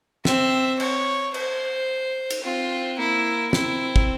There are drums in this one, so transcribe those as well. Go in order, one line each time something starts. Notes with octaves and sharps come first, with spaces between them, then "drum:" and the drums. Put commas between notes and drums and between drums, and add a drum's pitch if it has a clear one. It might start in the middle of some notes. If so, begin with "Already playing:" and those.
C4 E5, drum: snare
C#5, drum: cymbal
C5, drum: cymbal
drum: cymbal
C4 F4
A#3 E4
C4 E4, drum: snare
drum: kick